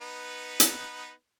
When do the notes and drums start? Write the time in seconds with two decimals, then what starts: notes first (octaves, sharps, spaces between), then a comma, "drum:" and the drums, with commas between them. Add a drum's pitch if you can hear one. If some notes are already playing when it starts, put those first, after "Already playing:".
0.02 B3 D#4 B4
0.60 drum: hi-hat